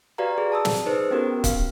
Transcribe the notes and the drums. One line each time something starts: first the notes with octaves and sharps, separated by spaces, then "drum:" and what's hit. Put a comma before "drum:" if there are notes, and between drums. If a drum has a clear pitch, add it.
F#4 G4 B4 D5 F5 A#5
G#4
A5 D#6 E6
drum: snare
D#4 G#4 B4 C5
B3 C#4 F#4 G4 A#4
F5, drum: kick C#1, hi-hat